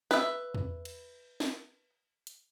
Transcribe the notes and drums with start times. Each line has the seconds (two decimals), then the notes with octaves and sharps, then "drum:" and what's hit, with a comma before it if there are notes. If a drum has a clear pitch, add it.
0.11 B4 E5, drum: snare
0.55 drum: tom E2
0.85 drum: cymbal
1.40 drum: snare
2.27 drum: hi-hat